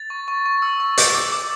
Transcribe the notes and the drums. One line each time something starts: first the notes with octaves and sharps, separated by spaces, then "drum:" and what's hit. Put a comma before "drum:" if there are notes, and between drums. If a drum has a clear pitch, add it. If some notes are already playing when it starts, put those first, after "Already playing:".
Already playing: A6
C#6
C#6
C#6
E6
C#6
D6, drum: hi-hat
D6
D6